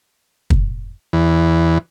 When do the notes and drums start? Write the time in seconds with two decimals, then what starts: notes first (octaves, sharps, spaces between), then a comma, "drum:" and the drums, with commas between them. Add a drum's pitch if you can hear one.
0.50 drum: kick
1.13 E2